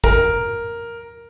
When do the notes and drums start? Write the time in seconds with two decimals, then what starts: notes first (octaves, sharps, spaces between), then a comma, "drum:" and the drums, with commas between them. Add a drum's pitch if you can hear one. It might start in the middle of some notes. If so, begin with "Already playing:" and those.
0.04 A#4, drum: kick